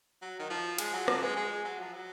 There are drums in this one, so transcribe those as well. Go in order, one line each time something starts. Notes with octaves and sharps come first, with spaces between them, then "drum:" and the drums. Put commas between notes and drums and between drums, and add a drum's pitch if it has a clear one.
F#3
D#3
F3
G#3, drum: cymbal
F#3
F3, drum: rim click
G#3
G#3
F#3
F3
F#3